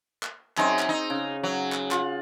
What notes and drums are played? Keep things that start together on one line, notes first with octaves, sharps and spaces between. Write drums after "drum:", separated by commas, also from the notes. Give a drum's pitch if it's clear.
drum: clap
F#2 C4 D#4 G#4, drum: clap
drum: clap
D#4
C#3
F#3
drum: clap
F4, drum: clap